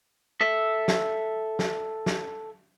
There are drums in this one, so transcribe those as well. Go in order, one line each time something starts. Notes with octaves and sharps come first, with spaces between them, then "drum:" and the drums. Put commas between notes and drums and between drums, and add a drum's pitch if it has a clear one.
A4 E5
drum: snare
drum: snare
drum: snare